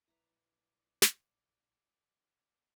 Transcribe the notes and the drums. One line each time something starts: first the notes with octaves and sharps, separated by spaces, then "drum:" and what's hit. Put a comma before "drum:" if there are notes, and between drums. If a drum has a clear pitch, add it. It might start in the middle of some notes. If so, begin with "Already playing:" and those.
A#1 F#3 E4 B4 D5 A#5
drum: snare